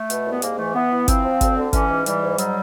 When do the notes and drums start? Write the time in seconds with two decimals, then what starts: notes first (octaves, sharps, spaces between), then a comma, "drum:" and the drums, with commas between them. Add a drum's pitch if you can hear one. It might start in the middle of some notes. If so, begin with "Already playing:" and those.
Already playing: A3
0.10 B2, drum: hi-hat
0.26 C2
0.31 B3
0.42 G#2 A#3, drum: hi-hat
0.59 E3 A3
0.75 E3 B3
0.92 E3
1.08 F3 C4, drum: kick G1, hi-hat
1.24 F3
1.41 D2, drum: kick G1, hi-hat
1.56 D3
1.73 E3 C#4, drum: kick G1, hi-hat
1.90 G#2
2.06 E3 G3, drum: hi-hat
2.22 G#2
2.38 F#3 G3, drum: hi-hat